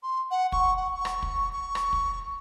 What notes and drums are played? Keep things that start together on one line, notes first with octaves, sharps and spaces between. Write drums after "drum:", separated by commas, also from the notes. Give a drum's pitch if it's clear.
C6
F#5
C#6, drum: kick
F#5
C#6
drum: rim click
drum: kick
C#6
drum: rim click
drum: kick